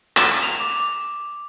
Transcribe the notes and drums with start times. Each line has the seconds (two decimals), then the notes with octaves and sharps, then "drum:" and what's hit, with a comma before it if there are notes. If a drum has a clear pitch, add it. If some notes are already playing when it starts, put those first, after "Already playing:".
0.17 E7, drum: clap
0.42 F7
0.60 D6